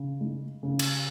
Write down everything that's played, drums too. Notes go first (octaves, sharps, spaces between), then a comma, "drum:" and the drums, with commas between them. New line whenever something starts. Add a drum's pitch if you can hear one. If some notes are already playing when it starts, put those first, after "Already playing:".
Already playing: C#3
G#3
C#3
drum: cymbal